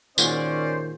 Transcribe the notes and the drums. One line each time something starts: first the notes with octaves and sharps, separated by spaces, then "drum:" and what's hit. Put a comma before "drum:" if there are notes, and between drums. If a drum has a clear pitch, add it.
A#2 D#3 G#3 C#4 F#4 C5 D5, drum: tambourine